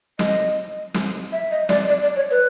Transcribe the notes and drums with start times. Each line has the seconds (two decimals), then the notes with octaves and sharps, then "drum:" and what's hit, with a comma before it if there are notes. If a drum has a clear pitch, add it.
0.19 D#5, drum: snare
0.94 drum: snare
1.32 E5
1.51 D#5
1.69 D5, drum: snare
1.88 D5
2.03 D5
2.16 C#5
2.31 B4